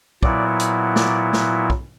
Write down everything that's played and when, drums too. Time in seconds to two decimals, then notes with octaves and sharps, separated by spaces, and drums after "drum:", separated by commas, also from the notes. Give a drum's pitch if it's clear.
0.23 A#2 F#3 B3 E4 D5, drum: kick
0.60 drum: hi-hat
0.96 D5, drum: snare
1.33 drum: snare
1.70 drum: kick